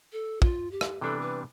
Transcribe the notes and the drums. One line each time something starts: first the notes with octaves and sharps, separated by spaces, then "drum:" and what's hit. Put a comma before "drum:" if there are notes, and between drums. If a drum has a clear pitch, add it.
A4
F4, drum: kick
G4
drum: rim click
C3 E3 G3 B3 D4 A4
B4